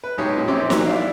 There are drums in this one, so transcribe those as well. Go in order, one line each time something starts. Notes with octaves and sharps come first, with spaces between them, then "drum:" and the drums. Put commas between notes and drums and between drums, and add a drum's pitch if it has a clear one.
B4
B1 G#3 D#4 G4 C#5
A#2
A#1 C4 C#4 G4 C6 D6
F#3, drum: snare
D4 E4 D5 F5